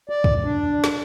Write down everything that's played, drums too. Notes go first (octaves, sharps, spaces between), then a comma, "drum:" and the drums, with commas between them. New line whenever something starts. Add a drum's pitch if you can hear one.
D5
drum: kick
D4
drum: snare